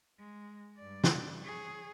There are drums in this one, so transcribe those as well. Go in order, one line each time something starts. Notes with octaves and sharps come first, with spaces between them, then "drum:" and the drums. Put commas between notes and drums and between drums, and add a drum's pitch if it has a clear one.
G#3
G2 D5
drum: snare
G#4 C#5